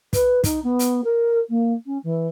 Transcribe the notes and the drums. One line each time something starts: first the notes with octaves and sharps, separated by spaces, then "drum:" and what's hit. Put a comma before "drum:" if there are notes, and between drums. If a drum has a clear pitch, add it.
B4, drum: kick, hi-hat
D#4, drum: kick, hi-hat
B3
drum: hi-hat
A#4
A#3
C#4
E3